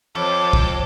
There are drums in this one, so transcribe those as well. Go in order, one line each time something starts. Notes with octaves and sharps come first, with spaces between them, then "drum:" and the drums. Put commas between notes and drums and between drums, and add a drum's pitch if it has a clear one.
F2 A4 C5 C#5 D6
drum: kick